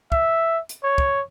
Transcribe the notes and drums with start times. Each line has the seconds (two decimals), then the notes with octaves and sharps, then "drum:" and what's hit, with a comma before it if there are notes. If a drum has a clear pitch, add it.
0.12 E5, drum: kick
0.69 drum: hi-hat
0.84 C#5
0.98 drum: kick